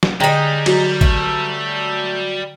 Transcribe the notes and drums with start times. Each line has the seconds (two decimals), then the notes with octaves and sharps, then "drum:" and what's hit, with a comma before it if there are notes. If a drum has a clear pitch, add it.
0.03 drum: snare
0.20 D3 G3 G#3 D#4 G5 A#5 A#6
0.66 F#3, drum: cymbal
1.01 A3, drum: kick G#1